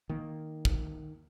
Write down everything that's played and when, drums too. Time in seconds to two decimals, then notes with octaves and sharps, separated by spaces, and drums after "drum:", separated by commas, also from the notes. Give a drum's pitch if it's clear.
0.09 D#3 A#3
0.65 drum: kick